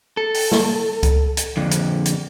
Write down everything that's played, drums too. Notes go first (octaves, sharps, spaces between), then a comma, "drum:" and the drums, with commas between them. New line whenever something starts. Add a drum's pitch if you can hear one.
A4
drum: open hi-hat
drum: snare
drum: kick C#2, hi-hat
drum: hi-hat
F2 D3
drum: hi-hat
drum: hi-hat